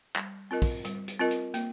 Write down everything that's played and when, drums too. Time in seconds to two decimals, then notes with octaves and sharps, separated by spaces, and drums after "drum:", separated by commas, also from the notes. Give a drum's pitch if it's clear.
0.16 G3, drum: clap
0.51 C4 F4 A#4 D#5
0.62 drum: kick, open hi-hat
0.85 G3, drum: hi-hat
1.08 drum: hi-hat
1.19 C4 F4 A#4 D#5
1.31 drum: hi-hat
1.54 A#3, drum: hi-hat